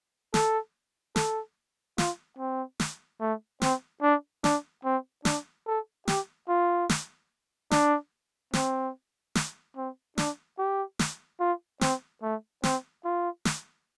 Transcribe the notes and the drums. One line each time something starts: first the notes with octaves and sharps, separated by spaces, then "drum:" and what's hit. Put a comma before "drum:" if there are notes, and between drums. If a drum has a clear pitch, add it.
A4, drum: snare
A4, drum: snare
F4, drum: snare
C4
drum: snare
A3
C4, drum: snare
D4
D4, drum: snare
C4
D4, drum: snare
A4
G4, drum: snare
F4
drum: snare
D4, drum: snare
C4, drum: snare
drum: snare
C4
D4, drum: snare
G4
drum: snare
F4
C4, drum: snare
A3
C4, drum: snare
F4
drum: snare